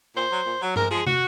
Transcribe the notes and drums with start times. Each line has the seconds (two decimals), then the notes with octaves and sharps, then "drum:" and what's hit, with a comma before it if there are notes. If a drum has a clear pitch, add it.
0.16 A#2 C5
0.31 F#3
0.46 A#2
0.62 F#3
0.76 G#2 A#4, drum: tom G2
0.91 F3 G#3 G#4
1.07 F#4, drum: tom